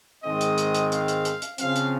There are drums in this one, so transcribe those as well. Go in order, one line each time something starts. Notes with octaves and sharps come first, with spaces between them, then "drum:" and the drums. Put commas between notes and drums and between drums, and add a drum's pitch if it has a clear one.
G#2 D#3 G#3 C4 D#5
drum: hi-hat
drum: hi-hat
drum: hi-hat
F5, drum: hi-hat
drum: hi-hat
drum: hi-hat
drum: hi-hat
C#3 F3 C4 F5, drum: hi-hat
drum: hi-hat